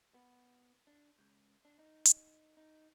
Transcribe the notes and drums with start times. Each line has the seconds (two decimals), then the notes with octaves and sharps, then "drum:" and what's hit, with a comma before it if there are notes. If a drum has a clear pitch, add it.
0.14 B3
0.87 D4
1.19 C#2
1.65 D4
1.79 D#4
2.05 drum: hi-hat
2.57 D#4